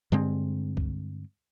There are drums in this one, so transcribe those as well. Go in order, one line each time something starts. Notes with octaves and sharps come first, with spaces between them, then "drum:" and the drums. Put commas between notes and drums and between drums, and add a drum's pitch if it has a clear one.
G2 D3 G#3 C4
drum: kick C2